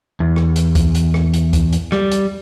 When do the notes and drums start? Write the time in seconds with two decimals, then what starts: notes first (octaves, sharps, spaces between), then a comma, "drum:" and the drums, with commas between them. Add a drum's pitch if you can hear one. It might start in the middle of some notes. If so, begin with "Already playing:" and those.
0.20 E2
0.36 drum: rim click
0.56 drum: hi-hat
0.75 drum: kick C#2, hi-hat
0.95 drum: hi-hat
1.14 drum: rim click
1.34 drum: hi-hat
1.53 drum: kick C#2, hi-hat
1.73 drum: hi-hat
1.92 G3, drum: rim click
2.11 drum: hi-hat